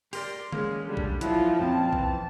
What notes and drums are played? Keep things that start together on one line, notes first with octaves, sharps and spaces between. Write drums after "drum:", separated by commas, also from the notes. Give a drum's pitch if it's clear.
G4 A#4 D5 C6, drum: open hi-hat
G#3 A#3 C4 C#4, drum: tom D#3
D3 G3
drum: kick A#1
F3 F#3 E4 F4, drum: hi-hat
F2 A#2 C4 C#4 A5
E3, drum: kick A#1